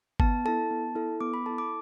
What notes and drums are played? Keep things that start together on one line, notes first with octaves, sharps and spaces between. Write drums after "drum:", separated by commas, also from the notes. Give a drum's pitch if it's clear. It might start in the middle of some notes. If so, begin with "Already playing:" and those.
B3 A5, drum: kick G1
E4 A4 A5
B3
E4 A4
B3 D6
B5
E4 A4 A5
D6